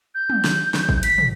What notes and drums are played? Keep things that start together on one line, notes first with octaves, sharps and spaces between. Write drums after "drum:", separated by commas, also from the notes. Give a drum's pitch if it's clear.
G6
drum: tom
drum: snare
drum: snare
drum: kick A1
B6, drum: hi-hat
drum: tom